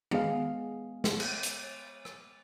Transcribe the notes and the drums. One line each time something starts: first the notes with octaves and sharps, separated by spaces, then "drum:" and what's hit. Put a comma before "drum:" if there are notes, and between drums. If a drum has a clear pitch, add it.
G#3 B3 G#4 F5, drum: tom D#3
drum: snare
drum: cymbal
drum: hi-hat
drum: rim click